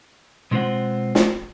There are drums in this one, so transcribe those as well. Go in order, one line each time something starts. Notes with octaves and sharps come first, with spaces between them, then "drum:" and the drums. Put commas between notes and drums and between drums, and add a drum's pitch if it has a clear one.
B2 G#3 C4 F4 C5 F#5
drum: snare